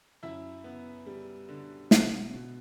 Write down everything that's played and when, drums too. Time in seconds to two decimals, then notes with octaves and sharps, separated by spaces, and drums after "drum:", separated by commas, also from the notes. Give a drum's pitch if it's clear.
0.23 F#2 E4 E5
0.64 B3
1.06 G3
1.49 D3
1.91 B2, drum: snare
2.34 B2